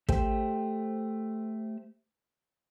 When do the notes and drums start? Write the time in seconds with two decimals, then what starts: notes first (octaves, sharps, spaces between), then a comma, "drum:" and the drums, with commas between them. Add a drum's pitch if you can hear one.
0.09 A3 G4 C5 G5, drum: kick